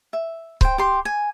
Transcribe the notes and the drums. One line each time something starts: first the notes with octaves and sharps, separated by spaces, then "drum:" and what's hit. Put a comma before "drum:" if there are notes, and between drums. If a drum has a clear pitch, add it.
E5
C5 G5, drum: kick C#1
G4 C6
G#5